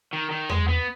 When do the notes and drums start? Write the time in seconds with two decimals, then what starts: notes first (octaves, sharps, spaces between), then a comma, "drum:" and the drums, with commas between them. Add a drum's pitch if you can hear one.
0.13 D#3
0.31 D#3
0.49 G#3, drum: tom E2
0.68 B3